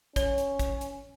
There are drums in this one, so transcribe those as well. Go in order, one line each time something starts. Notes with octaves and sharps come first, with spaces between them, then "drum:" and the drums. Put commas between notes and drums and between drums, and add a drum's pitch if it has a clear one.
C#4 C#5, drum: kick, hi-hat
drum: hi-hat
drum: kick, hi-hat
drum: hi-hat